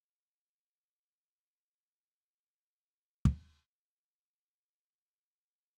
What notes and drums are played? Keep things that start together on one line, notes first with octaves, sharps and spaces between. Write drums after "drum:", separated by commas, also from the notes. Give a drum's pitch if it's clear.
E5
C4 C#4 E6 G6
drum: kick
F4
B4
A#4
F#5
D5
F#5
G3
D6
C3
G#4
F4
G#4